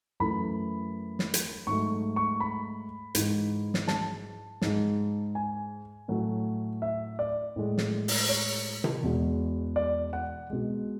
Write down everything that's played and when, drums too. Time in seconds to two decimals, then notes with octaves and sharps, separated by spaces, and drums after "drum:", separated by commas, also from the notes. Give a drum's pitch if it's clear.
0.20 F#2 E3 A3 B5
1.19 drum: snare
1.34 drum: hi-hat
1.67 G#2 F#3 A3 C#6
2.16 C#6
2.40 B5
3.15 G#2 E3 G#3, drum: hi-hat
3.74 drum: snare
3.88 A5, drum: snare
4.62 G#2 G#3, drum: snare
5.35 G#5
6.08 A2 F#3 A3
6.82 E5
7.19 D5
7.56 A2 G#3
7.78 drum: snare
8.08 drum: open hi-hat
8.29 C#5
8.84 drum: tom C3
9.03 E2 B2 G#3
9.76 D5
10.13 F#5
10.50 B2 G#3